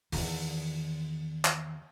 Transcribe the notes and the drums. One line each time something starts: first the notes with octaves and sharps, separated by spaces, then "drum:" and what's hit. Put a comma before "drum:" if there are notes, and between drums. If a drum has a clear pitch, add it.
E2 D#3, drum: open hi-hat
drum: clap